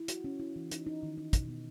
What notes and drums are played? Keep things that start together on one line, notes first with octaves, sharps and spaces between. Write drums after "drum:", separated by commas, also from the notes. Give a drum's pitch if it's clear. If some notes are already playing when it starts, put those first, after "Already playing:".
Already playing: E4
F#4, drum: hi-hat
C#4
E4
E3
D#4, drum: hi-hat
D#4
D#3
D#4
B2, drum: kick, hi-hat
B3